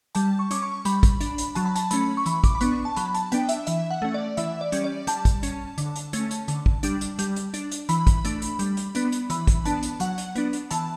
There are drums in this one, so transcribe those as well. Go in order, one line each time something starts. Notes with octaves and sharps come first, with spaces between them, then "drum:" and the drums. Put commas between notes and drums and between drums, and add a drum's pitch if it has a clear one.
G3 A5, drum: hi-hat
C#6
C#4 D6, drum: hi-hat
C#6
G3 B5, drum: hi-hat
drum: kick, hi-hat
D4, drum: hi-hat
drum: hi-hat
F#3 A5, drum: hi-hat
B5
A5, drum: hi-hat
A3 C#4 B5, drum: hi-hat
C#6
E3 B5, drum: hi-hat
D6, drum: kick, hi-hat
B5
B3 D4 C#6, drum: hi-hat
A5
F#3 B5, drum: hi-hat
A5, drum: hi-hat
B3 D4 G5, drum: hi-hat
E5, drum: hi-hat
E3 E5, drum: hi-hat
F#5
A3 C#4
D5
E3 E5, drum: hi-hat
D5
G3 C#4, drum: hi-hat
D5
G3 A5, drum: hi-hat
drum: kick, hi-hat
C#4, drum: hi-hat
D3, drum: hi-hat
drum: hi-hat
A3 C#4, drum: hi-hat
drum: hi-hat
D3, drum: hi-hat
drum: kick
G3 D4, drum: hi-hat
drum: hi-hat
G3, drum: hi-hat
drum: hi-hat
D4, drum: hi-hat
drum: hi-hat
E3 B5, drum: hi-hat
drum: kick, hi-hat
A3 D4, drum: hi-hat
drum: hi-hat
G3, drum: hi-hat
drum: hi-hat
B3 D4, drum: hi-hat
drum: hi-hat
E3 B5, drum: hi-hat
drum: kick, hi-hat
B3 D4 A5, drum: hi-hat
drum: hi-hat
F#3 F#5, drum: hi-hat
drum: hi-hat
B3 D4, drum: hi-hat
drum: hi-hat
E3 A5, drum: hi-hat